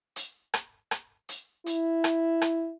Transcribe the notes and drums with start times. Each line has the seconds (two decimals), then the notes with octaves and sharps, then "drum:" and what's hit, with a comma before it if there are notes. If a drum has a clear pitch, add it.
0.16 drum: hi-hat
0.54 drum: rim click
0.91 drum: rim click
1.29 drum: hi-hat
1.66 E4, drum: hi-hat
2.04 drum: rim click
2.41 drum: rim click